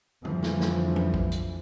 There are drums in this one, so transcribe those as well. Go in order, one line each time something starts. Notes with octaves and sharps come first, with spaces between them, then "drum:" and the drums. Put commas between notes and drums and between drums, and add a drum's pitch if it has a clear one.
F2 D3 E3 F3 G3, drum: tom
drum: snare
drum: snare
drum: tom F#3
drum: kick A#1
drum: hi-hat